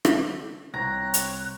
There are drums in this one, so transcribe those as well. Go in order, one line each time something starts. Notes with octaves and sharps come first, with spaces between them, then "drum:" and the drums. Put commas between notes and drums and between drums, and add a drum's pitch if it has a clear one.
drum: rim click
C2 C4 C#5 A#5 F#6
drum: hi-hat